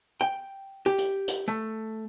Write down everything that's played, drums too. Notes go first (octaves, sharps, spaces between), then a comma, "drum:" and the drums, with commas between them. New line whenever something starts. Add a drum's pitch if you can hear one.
G5
G4
drum: hi-hat
drum: hi-hat
A3